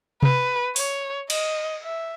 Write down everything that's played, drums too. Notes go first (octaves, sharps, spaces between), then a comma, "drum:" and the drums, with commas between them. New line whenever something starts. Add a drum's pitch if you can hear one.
B4, drum: tom C3
C#5, drum: open hi-hat
D#5, drum: cymbal
E5